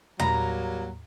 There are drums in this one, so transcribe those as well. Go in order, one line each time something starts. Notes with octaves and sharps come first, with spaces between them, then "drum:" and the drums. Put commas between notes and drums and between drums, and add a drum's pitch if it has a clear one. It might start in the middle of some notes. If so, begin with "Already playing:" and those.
F#3 G3 A#3 A#5, drum: tom